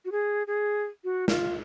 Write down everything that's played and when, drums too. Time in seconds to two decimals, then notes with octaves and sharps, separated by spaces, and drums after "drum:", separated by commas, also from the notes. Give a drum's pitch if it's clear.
0.05 F#4
0.12 G#4
0.47 G#4
1.04 F#4
1.28 F4, drum: snare